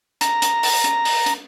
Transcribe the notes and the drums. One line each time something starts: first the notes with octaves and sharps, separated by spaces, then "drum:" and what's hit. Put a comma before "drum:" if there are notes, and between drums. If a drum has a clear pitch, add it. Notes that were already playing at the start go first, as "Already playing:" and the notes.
A#5, drum: hi-hat
drum: hi-hat
drum: open hi-hat
drum: hi-hat
drum: open hi-hat
drum: hi-hat